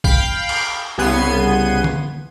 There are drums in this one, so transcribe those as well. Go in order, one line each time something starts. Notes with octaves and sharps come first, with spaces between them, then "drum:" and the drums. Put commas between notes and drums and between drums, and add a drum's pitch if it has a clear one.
F5 G5 B5 G6, drum: kick B1
drum: cymbal
C2 C#3 B3 C6 G#6 D#7
drum: tom D3